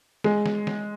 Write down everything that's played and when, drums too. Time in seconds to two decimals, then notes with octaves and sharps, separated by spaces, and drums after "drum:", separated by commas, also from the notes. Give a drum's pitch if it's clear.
0.24 G#3, drum: snare
0.46 drum: snare
0.67 drum: snare